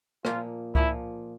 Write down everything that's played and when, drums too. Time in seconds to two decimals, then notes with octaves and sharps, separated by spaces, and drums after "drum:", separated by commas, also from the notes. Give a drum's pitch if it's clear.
0.25 A#2 F3 A#3 F4, drum: rim click
0.75 A#2 F3 A#3 E4, drum: kick C#2